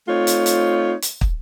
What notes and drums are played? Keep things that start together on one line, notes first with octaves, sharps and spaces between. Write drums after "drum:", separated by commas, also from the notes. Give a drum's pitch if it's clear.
A3 C4 D#4 F4 C#5
drum: hi-hat
drum: hi-hat
drum: hi-hat
drum: kick